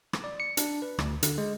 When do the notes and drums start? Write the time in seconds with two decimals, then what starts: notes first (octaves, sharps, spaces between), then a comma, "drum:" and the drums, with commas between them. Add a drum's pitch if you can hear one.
0.13 drum: rim click
0.24 D5
0.40 C#7
0.57 D4, drum: hi-hat
0.82 B4
0.99 D2, drum: rim click
1.23 D3, drum: hi-hat
1.38 G#3